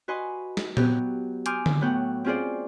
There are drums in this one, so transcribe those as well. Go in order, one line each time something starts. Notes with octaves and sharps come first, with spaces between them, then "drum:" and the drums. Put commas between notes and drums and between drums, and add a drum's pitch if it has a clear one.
F#4 B4 D#5 G#5 C6
drum: snare
F#3 B3 G4, drum: tom A#2
G#5 C6 D6 D#6 F6 G6, drum: hi-hat
drum: tom D3
A2 F#3 B3 F#5 G5 F#6
C4 C#4 F4 G#4 C5 D5